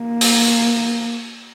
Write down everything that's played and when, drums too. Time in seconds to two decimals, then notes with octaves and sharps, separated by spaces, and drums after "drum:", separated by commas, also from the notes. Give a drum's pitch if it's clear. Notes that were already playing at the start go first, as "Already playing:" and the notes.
Already playing: A#3
0.21 drum: open hi-hat